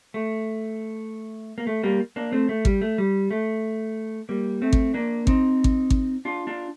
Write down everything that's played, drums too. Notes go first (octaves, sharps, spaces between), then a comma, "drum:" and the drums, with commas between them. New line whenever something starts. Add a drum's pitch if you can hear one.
A3
A#3
A3
G3 A#3
A#3 D4
A3 C4
A3
G3, drum: kick G#1
A3
G3
A3
G3 A#3
A3 C4
drum: kick G#1
A#3 D4
C4 D#4, drum: kick G#1
drum: kick G#1
drum: kick G#1
D4 F4
D4 F4